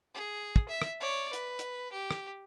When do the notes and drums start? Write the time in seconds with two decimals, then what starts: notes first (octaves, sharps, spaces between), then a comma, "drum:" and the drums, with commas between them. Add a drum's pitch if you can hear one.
0.14 G#4
0.56 drum: kick
0.69 E5
0.82 drum: rim click
1.00 C#5 D5
1.33 B4, drum: hi-hat
1.59 drum: hi-hat
1.92 G4
2.11 drum: rim click